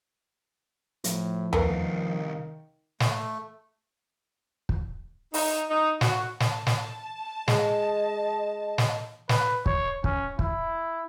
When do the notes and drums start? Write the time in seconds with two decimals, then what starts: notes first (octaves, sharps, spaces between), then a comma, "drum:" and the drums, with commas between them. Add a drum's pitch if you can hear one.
1.04 A2 F3, drum: hi-hat
1.53 C2 D#3 A3 B3 A#4 F5, drum: tom E2
3.00 A3, drum: snare
4.69 drum: kick
5.34 D#4, drum: open hi-hat
5.70 D#4
6.01 F#4, drum: snare
6.40 A5, drum: snare
6.67 drum: snare
7.48 G#3 D#5, drum: snare
8.78 drum: snare
9.29 B4, drum: snare
9.66 C#5, drum: kick
10.04 C#4, drum: kick
10.39 E4, drum: kick